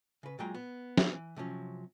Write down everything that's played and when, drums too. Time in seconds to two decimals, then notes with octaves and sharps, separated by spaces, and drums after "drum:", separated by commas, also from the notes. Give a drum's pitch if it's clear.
0.23 C#3 B4
0.39 A#2 F#3 G#3 G5 A#5
0.55 B3
0.98 drum: snare
1.12 E3
1.36 C3 F3 F#3 C#4